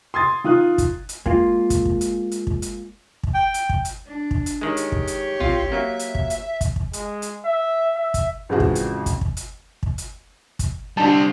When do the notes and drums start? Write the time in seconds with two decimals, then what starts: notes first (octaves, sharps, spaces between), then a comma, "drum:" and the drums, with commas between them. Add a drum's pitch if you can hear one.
0.14 C6 D#6 G#6 A6
0.44 D#3 F4 D#6 F#6
0.78 drum: kick, hi-hat
1.09 drum: hi-hat
1.26 G#3 A#3 F4, drum: kick
1.70 drum: kick, hi-hat
1.85 drum: kick
2.01 drum: hi-hat
2.31 drum: hi-hat
2.47 drum: kick
2.62 drum: hi-hat
3.23 drum: kick
3.35 G5
3.54 drum: hi-hat
3.69 drum: kick
3.85 drum: hi-hat
4.07 D4
4.31 drum: kick
4.46 drum: hi-hat
4.61 D#3 G#3 G4 C#5
4.77 drum: hi-hat
4.92 drum: kick
5.07 drum: hi-hat
5.40 C4 F4, drum: tom
5.72 F#3 A#3 E5
5.99 drum: hi-hat
6.15 drum: kick
6.30 drum: hi-hat
6.61 drum: kick, hi-hat
6.76 drum: kick
6.93 G#3, drum: hi-hat
7.22 drum: hi-hat
7.45 E5
7.95 E5
8.14 drum: kick, hi-hat
8.49 A1 F2 C#3 G#3 F#4
8.60 drum: kick
8.75 drum: hi-hat
9.06 drum: kick, hi-hat
9.21 drum: kick
9.37 drum: hi-hat
9.83 drum: kick
9.98 drum: hi-hat
10.59 drum: kick, hi-hat
10.97 D3 G3 C4 A5